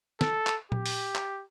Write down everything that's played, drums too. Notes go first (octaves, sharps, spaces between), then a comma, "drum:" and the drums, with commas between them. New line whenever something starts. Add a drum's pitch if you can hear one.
A4, drum: snare
drum: clap
G4, drum: tom A#2
drum: open hi-hat
drum: clap